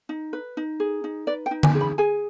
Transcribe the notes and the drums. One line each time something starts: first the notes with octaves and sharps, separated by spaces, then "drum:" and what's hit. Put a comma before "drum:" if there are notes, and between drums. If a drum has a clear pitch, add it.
D#4
B4
D#4
G#4
D#4
B4 D5
G5
D#4
G#5, drum: tom D3
G#4
B5
G#4 G#5